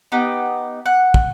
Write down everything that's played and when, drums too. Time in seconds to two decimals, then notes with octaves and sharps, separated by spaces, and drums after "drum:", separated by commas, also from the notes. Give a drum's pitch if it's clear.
0.12 B3 D#4 G4
0.86 F#5
1.14 drum: kick